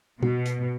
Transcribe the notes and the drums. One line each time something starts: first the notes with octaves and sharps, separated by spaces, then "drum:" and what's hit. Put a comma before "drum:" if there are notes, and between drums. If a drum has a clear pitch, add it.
B2 F#4, drum: tom B2
drum: hi-hat